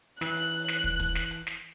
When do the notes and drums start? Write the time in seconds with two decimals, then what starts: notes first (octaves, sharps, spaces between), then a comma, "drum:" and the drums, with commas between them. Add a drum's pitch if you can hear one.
0.21 E3 F#6, drum: snare
0.37 drum: hi-hat
0.68 drum: snare
0.84 drum: kick
1.00 drum: kick, hi-hat
1.15 drum: snare
1.31 drum: hi-hat
1.47 drum: snare